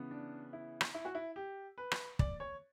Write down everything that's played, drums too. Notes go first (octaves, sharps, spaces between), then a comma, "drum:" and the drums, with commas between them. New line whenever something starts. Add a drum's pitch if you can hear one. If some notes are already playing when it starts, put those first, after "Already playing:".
Already playing: C#3 E3 B3
D4
E4
drum: rim click
E4
F#4
E4
G4
B4
drum: rim click
D5, drum: kick
C#5